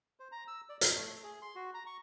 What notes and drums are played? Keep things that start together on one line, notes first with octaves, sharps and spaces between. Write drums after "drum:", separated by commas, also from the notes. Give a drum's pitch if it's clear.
C5
A#5
E6
D5
F2, drum: hi-hat
A3
G#4
C6
F#4
A#5
C#6